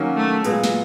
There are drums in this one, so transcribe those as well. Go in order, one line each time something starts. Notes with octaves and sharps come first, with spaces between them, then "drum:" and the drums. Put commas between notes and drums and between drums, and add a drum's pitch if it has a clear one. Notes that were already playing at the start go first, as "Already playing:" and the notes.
Already playing: D#3 F#3 A#3 C#4 F#4
A3
A#2 F#3 G#3 B3, drum: hi-hat
drum: snare